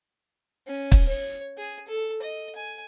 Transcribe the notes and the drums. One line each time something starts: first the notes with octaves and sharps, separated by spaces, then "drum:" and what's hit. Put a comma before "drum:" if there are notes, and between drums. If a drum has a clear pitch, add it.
C#4
drum: kick
C#5
G#4
A4
D#5
G#5